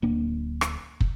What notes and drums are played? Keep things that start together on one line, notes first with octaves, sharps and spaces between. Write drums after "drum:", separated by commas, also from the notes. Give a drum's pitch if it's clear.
D1 A#3 D4
drum: rim click
drum: kick